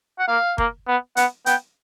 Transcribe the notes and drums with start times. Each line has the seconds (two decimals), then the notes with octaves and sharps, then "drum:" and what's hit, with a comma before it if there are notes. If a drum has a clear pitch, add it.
0.19 F#5
0.28 A#3 F5
0.58 A#3, drum: kick
0.88 B3
1.17 B3 F#5, drum: hi-hat
1.46 B3 G5, drum: hi-hat